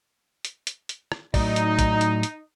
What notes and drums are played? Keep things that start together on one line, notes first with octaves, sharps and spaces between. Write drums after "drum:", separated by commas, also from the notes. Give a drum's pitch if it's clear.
drum: hi-hat
drum: hi-hat
drum: hi-hat
drum: rim click
A2 F#3 D#4 D5, drum: kick A#1, open hi-hat
drum: hi-hat
drum: kick A#1, hi-hat
drum: hi-hat
drum: hi-hat